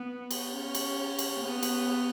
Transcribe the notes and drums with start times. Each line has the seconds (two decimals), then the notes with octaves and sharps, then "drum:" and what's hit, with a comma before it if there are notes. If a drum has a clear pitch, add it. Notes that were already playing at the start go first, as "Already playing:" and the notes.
Already playing: B3
0.31 drum: cymbal
0.53 C#4
0.75 drum: cymbal
1.19 drum: cymbal
1.40 B3
1.63 drum: cymbal